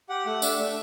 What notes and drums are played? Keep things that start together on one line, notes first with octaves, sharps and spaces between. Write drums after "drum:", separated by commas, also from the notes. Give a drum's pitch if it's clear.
G4 F#5
A3 F#5
D4 E5, drum: tambourine
A3